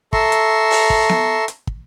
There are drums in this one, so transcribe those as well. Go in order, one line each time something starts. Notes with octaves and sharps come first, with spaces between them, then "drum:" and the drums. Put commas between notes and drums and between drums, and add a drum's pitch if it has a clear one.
A4 E5 A#5 C6 C#6, drum: kick
drum: hi-hat
drum: open hi-hat
drum: kick
drum: snare B3
drum: hi-hat
drum: kick